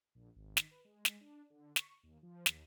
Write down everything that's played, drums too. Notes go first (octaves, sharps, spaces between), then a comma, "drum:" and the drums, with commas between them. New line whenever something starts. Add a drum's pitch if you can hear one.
A#1
G#1
D#3, drum: snare
B4
G#3
drum: snare
D4
D3
C#6, drum: snare
D#2
F3
D#2, drum: snare